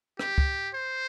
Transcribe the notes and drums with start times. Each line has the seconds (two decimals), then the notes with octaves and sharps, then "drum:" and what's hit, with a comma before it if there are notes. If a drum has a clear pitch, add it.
0.19 G4, drum: rim click
0.38 drum: kick C#2
0.75 C5